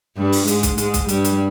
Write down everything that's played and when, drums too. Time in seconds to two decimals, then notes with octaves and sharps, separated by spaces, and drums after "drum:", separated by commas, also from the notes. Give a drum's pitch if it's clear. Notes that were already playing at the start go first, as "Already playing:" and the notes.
0.17 G2 G3
0.32 drum: open hi-hat
0.48 G#2 G#3, drum: hi-hat
0.63 drum: kick B1, hi-hat
0.78 G#2 G#3, drum: hi-hat
0.94 drum: kick B1, hi-hat
1.09 G2 G3, drum: hi-hat
1.25 drum: hi-hat